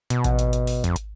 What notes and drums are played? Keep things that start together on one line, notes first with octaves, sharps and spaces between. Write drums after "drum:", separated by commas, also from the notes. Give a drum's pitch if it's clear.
B2, drum: hi-hat
drum: kick A1, hi-hat
drum: hi-hat
drum: hi-hat
drum: open hi-hat
F2, drum: hi-hat
drum: hi-hat